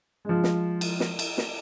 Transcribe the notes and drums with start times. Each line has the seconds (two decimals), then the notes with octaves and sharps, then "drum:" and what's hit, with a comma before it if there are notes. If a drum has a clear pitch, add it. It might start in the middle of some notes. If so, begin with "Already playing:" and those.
0.25 F3 G#3
0.44 drum: snare
0.81 drum: cymbal
1.00 drum: snare
1.19 drum: cymbal
1.38 drum: snare